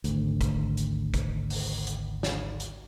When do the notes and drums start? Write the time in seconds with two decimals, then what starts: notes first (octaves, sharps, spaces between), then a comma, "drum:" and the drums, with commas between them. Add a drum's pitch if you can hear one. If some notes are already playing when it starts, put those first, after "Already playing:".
0.04 G#1 D2, drum: hi-hat
0.41 drum: kick, hi-hat
0.77 drum: hi-hat
1.14 drum: kick, hi-hat
1.50 drum: open hi-hat
1.87 drum: hi-hat
2.23 drum: snare
2.60 drum: hi-hat